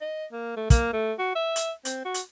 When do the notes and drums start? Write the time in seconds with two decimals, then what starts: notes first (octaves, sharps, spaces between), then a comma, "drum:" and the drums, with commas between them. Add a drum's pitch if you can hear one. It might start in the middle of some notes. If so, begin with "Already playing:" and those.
0.01 D#5
0.32 A#3
0.57 A3
0.70 A#3, drum: kick, hi-hat
0.93 A3
1.19 F#4
1.35 E5
1.56 drum: hi-hat
1.85 C4, drum: hi-hat
2.05 F#4
2.14 drum: hi-hat